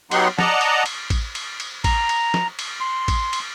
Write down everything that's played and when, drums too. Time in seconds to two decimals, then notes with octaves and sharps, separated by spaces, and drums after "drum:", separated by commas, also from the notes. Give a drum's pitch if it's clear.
0.11 F#3 B3 D#4 G4 F#5 C6, drum: cymbal
0.39 D5 D#5 F#5 A5 A#5, drum: snare
0.61 drum: cymbal
0.86 drum: cymbal
1.10 drum: kick A1, cymbal
1.35 drum: cymbal
1.60 drum: cymbal
1.84 A#5, drum: kick A1, cymbal
2.09 drum: cymbal
2.34 drum: snare
2.59 drum: cymbal
2.80 C6
3.08 drum: kick A1, cymbal
3.33 drum: cymbal